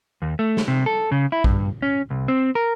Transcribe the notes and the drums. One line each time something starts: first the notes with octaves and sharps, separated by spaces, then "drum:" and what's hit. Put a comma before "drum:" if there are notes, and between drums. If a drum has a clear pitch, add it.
D#2
A3
drum: snare
C3
A4
C#3
E4
G2, drum: kick A#1
C#4
C2
C4
A#4